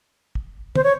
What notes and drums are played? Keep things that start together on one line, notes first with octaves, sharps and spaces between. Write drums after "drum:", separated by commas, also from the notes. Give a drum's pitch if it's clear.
drum: kick
C5, drum: tom
C#5